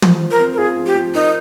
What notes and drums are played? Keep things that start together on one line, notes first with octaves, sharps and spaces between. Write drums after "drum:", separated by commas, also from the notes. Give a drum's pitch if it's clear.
F3, drum: tom
F3
A#4
C4
A#4
F4 G#4
F3
G4
F3
D#4 A#4